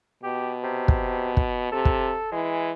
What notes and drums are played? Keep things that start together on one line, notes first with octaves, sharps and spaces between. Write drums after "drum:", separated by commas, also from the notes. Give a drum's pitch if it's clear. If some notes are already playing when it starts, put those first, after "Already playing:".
B2 G4
C3
drum: kick
drum: kick
C3 A4
drum: kick
E3 G#3